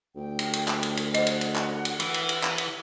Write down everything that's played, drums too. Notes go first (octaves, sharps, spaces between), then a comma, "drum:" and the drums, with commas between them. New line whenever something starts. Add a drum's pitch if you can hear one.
D2 G5
drum: cymbal
drum: cymbal
drum: clap
drum: cymbal
drum: cymbal
C5 D#5 F#5, drum: cymbal
drum: cymbal
drum: cymbal
drum: clap
drum: cymbal
E3, drum: cymbal
drum: cymbal
drum: cymbal
drum: clap
drum: cymbal